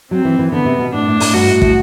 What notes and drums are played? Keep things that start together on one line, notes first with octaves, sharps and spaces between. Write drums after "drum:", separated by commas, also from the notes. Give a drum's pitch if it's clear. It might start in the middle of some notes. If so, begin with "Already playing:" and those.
F#3 C4
E3
E3
D3 B3
C3
B2
A2 D4
A2
A2, drum: open hi-hat
G2 F#4
A2
A2, drum: kick